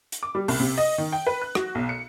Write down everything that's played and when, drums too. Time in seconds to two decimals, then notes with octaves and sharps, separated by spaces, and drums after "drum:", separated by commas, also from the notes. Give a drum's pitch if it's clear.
0.12 drum: hi-hat
0.23 D6
0.35 G3
0.48 C2, drum: open hi-hat
0.60 C3
0.78 D#5
0.98 D#3
1.12 G5
1.27 B4
1.42 F#6
1.55 F#4, drum: rim click
1.75 B1
1.89 C#7